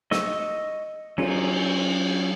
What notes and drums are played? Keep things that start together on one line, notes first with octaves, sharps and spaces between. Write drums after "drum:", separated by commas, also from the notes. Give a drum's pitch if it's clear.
D#5 C#6 E6, drum: snare
F#3 C#4 F4, drum: cymbal